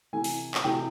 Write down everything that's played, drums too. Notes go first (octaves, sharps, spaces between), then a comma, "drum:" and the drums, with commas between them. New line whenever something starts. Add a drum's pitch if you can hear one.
C3 E3 A3 G#5
drum: open hi-hat
drum: clap
C3 E3 A3 G5